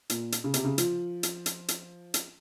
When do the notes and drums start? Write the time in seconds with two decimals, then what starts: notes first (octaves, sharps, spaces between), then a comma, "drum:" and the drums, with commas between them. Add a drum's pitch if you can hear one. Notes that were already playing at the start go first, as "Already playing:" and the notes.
0.10 A#2, drum: hi-hat
0.32 drum: hi-hat
0.44 C#3
0.54 C3, drum: hi-hat
0.64 C#3
0.78 F3, drum: hi-hat
1.23 drum: hi-hat
1.46 drum: hi-hat
1.68 drum: hi-hat
2.14 drum: hi-hat